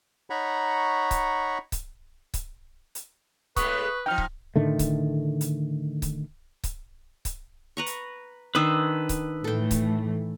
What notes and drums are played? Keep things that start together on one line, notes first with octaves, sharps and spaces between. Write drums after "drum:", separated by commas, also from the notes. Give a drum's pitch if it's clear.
D#4 C#5 F#5 A#5 B5 C#6
drum: kick C#1, hi-hat
drum: kick C#1, hi-hat
drum: kick C#1, hi-hat
drum: hi-hat
A2 G#3 B3 B4 C#6 D#6, drum: kick C#1, hi-hat
F3 D#4 G5 F6
drum: kick C#1
A2 D3 D#3 A3
drum: kick C#1, hi-hat
drum: hi-hat
drum: kick C#1, hi-hat
drum: kick C#1, hi-hat
drum: kick C#1, hi-hat
B4 A#5 C#6
drum: hi-hat
D#3 D4 B4 C5 D#6 E6
drum: kick C#1, hi-hat
A2 E3 A3 A4 G5
drum: kick C#1, hi-hat